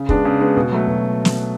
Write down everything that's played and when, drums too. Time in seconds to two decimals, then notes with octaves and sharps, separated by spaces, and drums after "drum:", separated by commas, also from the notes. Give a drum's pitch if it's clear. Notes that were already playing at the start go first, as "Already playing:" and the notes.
Already playing: C#3
0.09 G#3 B3 D4, drum: kick
0.25 C#3
0.41 G#3 B3 D4
0.57 B2
0.71 F#3 A3
0.87 B2
1.25 drum: snare